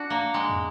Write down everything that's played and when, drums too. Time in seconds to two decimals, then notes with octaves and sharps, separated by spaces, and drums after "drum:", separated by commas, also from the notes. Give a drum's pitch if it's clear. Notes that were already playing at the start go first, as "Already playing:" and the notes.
Already playing: D4 F#4
0.10 A#3
0.34 G#3
0.50 drum: tom